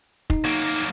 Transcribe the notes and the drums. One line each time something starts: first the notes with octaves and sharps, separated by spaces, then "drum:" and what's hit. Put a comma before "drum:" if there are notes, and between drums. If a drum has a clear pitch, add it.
D#4, drum: kick F1
F#3 A#3